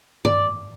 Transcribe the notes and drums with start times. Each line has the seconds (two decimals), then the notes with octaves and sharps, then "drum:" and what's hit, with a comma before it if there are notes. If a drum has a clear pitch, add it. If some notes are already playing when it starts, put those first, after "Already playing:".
0.25 D5, drum: tom G2